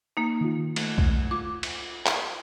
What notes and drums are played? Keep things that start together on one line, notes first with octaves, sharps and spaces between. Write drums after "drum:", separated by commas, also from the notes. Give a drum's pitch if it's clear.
A#3 D#4
D#3 F4
A3, drum: cymbal
drum: kick B1
F4 D6
drum: cymbal
drum: clap